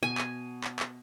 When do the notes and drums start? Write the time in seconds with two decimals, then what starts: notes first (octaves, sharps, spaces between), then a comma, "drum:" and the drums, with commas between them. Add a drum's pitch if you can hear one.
0.03 B2 G#5
0.18 drum: clap
0.64 drum: clap
0.80 drum: clap